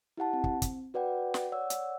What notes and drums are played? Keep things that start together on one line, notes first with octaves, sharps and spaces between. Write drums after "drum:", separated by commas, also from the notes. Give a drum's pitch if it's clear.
E4 G4 F#5 A5
C4
drum: kick
drum: kick, hi-hat
F#4 B4 D5 F#5 G5
drum: snare
C#5 D5 F#5 E6
drum: hi-hat